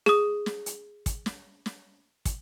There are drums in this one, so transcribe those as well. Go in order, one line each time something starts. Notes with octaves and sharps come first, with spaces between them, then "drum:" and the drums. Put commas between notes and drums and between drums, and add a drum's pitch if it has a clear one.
G#4 D#6, drum: snare
drum: snare
drum: hi-hat
drum: kick, hi-hat
drum: snare
drum: snare
drum: kick, hi-hat